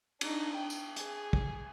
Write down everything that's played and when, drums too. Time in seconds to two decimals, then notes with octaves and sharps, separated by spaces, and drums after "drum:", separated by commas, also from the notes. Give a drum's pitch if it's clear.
0.21 D4 D#4, drum: cymbal
0.56 G5
0.70 drum: tambourine
0.96 G#4, drum: hi-hat
1.33 drum: kick